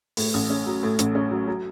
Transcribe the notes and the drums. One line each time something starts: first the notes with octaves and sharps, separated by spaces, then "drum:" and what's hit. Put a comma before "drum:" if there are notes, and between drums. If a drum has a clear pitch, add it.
A2, drum: open hi-hat
A1
C#4
F#3
A2
A1, drum: hi-hat
C#4
F#3
F#3